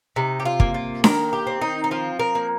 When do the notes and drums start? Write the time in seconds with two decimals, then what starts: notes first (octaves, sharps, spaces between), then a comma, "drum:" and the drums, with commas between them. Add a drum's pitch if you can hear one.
0.16 C3 D#4
0.40 G4
0.45 F4
0.60 A#3, drum: kick
0.74 F4
1.04 D#3 A#4, drum: snare D4
1.33 G4
1.47 C4
1.61 D#4
1.84 D#4
1.91 F3 F4
2.19 A#4
2.35 A#3